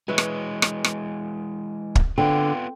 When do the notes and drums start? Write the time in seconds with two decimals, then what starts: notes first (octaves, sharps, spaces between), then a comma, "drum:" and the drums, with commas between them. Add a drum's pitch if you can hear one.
0.08 E3 G#3 B4 C#5 E5
0.18 drum: rim click
0.62 drum: rim click
0.84 drum: rim click
1.95 drum: kick
2.18 D3 B3 C4 F4